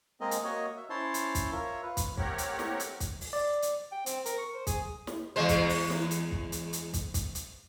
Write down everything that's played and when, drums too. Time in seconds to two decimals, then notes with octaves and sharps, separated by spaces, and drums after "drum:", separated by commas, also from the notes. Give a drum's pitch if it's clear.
0.21 G#3 A#3 C4 G#4 A#4 D#5
0.31 drum: hi-hat
0.44 A#3 F#4 C#5 D#5
0.77 E5
0.90 C#4 E4 C5 C#5 A5 C6
1.14 drum: hi-hat
1.35 drum: kick, hi-hat
1.52 F4 A#4 C#5 E5
1.83 F4 B4
1.97 drum: kick, hi-hat
2.18 A3 C4 G4 A#4 C#5 F#5, drum: kick
2.38 drum: hi-hat
2.59 drum: snare
2.80 drum: hi-hat
3.00 drum: kick, hi-hat
3.21 drum: open hi-hat
3.33 D5
3.62 drum: hi-hat
3.92 G5
4.06 C4, drum: hi-hat
4.26 A#4, drum: hi-hat
4.38 C#6
4.55 C5
4.67 G#4, drum: kick, hi-hat
5.07 drum: snare
5.36 E2 G#3 C5
5.49 drum: kick, hi-hat
5.69 drum: open hi-hat
5.90 drum: snare
6.11 drum: hi-hat
6.31 drum: kick
6.52 drum: hi-hat
6.73 drum: hi-hat
6.93 drum: kick, hi-hat
7.14 drum: kick, hi-hat
7.35 drum: hi-hat